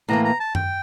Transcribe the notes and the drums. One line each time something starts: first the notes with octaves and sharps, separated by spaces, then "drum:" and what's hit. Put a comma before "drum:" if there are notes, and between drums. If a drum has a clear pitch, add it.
A2 E3 A#3 A#5
A#5
A5
G5, drum: tom F#2